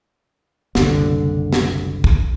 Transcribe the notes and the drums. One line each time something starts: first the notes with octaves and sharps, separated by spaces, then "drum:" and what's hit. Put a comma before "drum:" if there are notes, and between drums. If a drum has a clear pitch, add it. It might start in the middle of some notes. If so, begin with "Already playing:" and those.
F#1 C2 D3, drum: snare
drum: snare
drum: kick